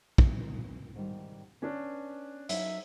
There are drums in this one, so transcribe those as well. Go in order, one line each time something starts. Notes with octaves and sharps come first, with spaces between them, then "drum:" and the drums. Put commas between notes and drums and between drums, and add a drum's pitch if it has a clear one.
drum: kick
G#2 D#3 G3
B3 C#4 D4
F#3 C#4 D#4 E5, drum: hi-hat